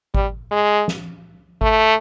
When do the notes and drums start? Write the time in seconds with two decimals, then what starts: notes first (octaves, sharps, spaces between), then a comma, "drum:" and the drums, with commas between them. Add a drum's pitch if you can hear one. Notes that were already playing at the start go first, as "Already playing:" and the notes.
0.15 G3, drum: kick G#1
0.51 G#3
0.88 drum: snare
1.61 A3, drum: kick G#1